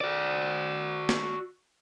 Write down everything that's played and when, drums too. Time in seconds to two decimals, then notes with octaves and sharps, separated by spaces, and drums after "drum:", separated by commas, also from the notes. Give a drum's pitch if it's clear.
0.01 F#4 D5
1.09 drum: snare